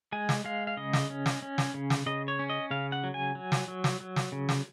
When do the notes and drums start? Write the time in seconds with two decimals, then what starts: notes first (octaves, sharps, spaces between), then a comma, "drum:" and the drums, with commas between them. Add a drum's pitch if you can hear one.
0.12 G#3 G#5
0.29 drum: snare
0.44 G#3 F5
0.67 F5
0.77 C#3 D#5
0.93 drum: snare
1.10 C#4
1.26 drum: snare
1.42 C#4
1.58 drum: snare
1.74 C#3
1.90 drum: snare
2.06 C#3 D#5
2.28 C#5
2.39 C#4
2.50 D#5
2.71 C#3 F5
2.92 F#5
3.04 F#3
3.14 G#5
3.35 F#3
3.52 drum: snare
3.68 F#3
3.84 drum: snare
4.01 F#3
4.16 drum: snare
4.32 C#3
4.49 drum: snare